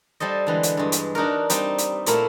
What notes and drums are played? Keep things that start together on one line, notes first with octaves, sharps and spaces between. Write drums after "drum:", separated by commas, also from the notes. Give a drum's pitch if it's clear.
G3 A4 C5 D#5
D3 E3 G#3
drum: hi-hat
G2 G#3
drum: hi-hat
D4 D#4 F#4 A#4
G3 C4 D#4, drum: hi-hat
drum: hi-hat
A#2 A3 A#3 E4 A#4 E5, drum: hi-hat